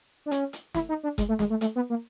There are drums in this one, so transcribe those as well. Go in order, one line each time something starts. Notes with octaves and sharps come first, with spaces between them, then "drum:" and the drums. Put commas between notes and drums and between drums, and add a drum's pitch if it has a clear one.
D4
C#4, drum: hi-hat
drum: hi-hat
E4, drum: snare
D#4
D4
G#3, drum: kick F#1, hi-hat
A3
G#3, drum: snare
A3
A3, drum: hi-hat
B3
A#3